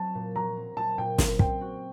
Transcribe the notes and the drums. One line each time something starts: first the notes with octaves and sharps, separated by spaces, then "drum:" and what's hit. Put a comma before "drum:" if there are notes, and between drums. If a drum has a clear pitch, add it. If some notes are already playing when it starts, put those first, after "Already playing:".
Already playing: F#3 C4 F#4 A5
A#2
F#3 A#5
C4
A#2 A5
A#2 G5
C4, drum: snare
C4 G5, drum: kick
F#4